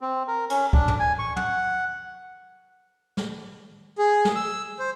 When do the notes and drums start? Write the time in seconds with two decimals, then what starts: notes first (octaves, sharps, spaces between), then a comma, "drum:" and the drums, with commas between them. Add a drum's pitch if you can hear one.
0.01 C4
0.28 A#4
0.50 C#4, drum: cymbal
0.73 D4, drum: kick
0.88 drum: tom
1.00 G#5
1.19 C#6
1.36 F#5, drum: tom
3.17 drum: snare
3.98 G#4
4.25 drum: snare
4.36 E6
4.79 C5